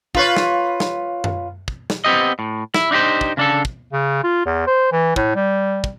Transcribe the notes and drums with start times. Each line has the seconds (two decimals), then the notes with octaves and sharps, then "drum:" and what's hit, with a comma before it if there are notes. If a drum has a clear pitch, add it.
0.15 F4 B4 C#5, drum: kick
0.36 drum: snare
0.80 drum: snare
1.24 drum: tom F#2
1.68 drum: kick
1.90 drum: snare
2.04 B3 C4 G4 D#5
2.39 A2
2.74 E4, drum: snare
2.91 D4 D#4 F#4 G4 C5
3.21 drum: kick
3.37 C#3 D4 A4
3.65 drum: kick
3.93 C#3
4.24 F4
4.46 E2
4.67 C5
4.92 E3
5.16 A2, drum: kick
5.35 G3
5.84 drum: kick